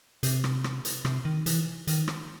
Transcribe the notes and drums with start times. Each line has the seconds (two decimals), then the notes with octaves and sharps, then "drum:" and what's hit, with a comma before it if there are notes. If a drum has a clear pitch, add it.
0.23 C3, drum: hi-hat
0.44 drum: rim click
0.64 drum: rim click
0.85 drum: hi-hat
1.05 C3, drum: rim click
1.25 D#3
1.46 E3, drum: hi-hat
1.87 D#3, drum: hi-hat
2.08 drum: rim click